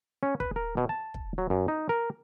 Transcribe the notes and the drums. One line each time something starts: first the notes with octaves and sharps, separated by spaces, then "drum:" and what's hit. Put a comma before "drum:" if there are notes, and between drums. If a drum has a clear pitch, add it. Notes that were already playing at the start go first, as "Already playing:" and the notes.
C#4
B4, drum: kick
A#4
B2
A5
drum: kick
F#3
F#2
D#4
A#4